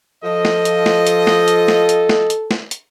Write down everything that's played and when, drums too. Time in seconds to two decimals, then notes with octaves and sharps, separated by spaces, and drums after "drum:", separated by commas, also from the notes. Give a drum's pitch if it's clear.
0.24 F3 A4 D#5
0.45 drum: snare
0.65 drum: hi-hat
0.86 drum: snare
1.07 drum: hi-hat
1.27 drum: snare
1.48 drum: hi-hat
1.68 drum: snare
1.89 drum: hi-hat
2.09 drum: snare
2.30 drum: hi-hat
2.51 drum: snare
2.71 drum: hi-hat